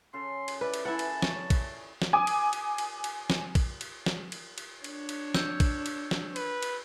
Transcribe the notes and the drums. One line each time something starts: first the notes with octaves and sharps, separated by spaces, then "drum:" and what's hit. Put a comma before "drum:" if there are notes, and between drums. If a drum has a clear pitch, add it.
C#3 A4 C6
drum: cymbal
E4 B4 D5
drum: cymbal
E3 E4 F#5 A5
drum: cymbal
C#5 D5, drum: snare
drum: kick, cymbal
drum: snare
G#5 D6 D#6
drum: cymbal
drum: cymbal
drum: cymbal
drum: cymbal
drum: snare
drum: kick, cymbal
drum: cymbal
drum: snare
drum: cymbal
drum: cymbal
D4 C#5, drum: cymbal
drum: cymbal
E6 G6, drum: snare
drum: kick, cymbal
drum: cymbal
drum: snare
B4, drum: cymbal
drum: cymbal